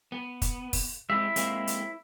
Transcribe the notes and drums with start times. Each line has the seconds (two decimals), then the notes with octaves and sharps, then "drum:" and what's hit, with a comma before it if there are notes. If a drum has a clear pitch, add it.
0.12 B3
0.42 drum: kick, hi-hat
0.73 drum: kick, open hi-hat
1.10 G#3 C4 E4 E5
1.36 G#3 A#3 C4, drum: hi-hat
1.67 drum: hi-hat